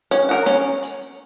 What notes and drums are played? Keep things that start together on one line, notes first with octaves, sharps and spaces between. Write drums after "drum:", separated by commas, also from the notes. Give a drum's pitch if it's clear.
C#4, drum: hi-hat
F#4 A#4
C#4, drum: snare
drum: hi-hat